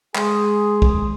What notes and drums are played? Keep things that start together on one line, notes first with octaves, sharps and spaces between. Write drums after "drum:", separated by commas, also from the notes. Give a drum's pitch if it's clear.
G#3 G#4 C6 D#6, drum: clap
drum: kick